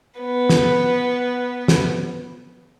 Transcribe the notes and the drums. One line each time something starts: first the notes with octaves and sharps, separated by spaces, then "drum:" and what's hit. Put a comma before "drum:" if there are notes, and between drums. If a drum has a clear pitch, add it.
B3 B4
drum: snare
drum: snare